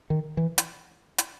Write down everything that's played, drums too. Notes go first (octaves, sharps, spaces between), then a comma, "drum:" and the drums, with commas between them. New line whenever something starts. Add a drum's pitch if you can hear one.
D#3
E3
drum: hi-hat
drum: hi-hat